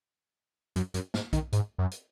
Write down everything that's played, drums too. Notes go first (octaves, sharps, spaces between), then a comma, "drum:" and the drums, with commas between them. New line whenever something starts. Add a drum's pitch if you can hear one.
F#2, drum: hi-hat
F#2, drum: hi-hat
G#2, drum: snare
D#3, drum: kick, hi-hat
G#2, drum: hi-hat
F#2
drum: hi-hat